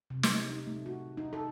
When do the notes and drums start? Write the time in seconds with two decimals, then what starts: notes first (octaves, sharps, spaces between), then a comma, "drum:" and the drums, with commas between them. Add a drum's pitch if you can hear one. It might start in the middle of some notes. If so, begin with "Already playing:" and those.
0.10 C3
0.23 drum: snare
0.50 D#4
0.67 A3
0.86 F#4
1.17 D#4
1.33 A4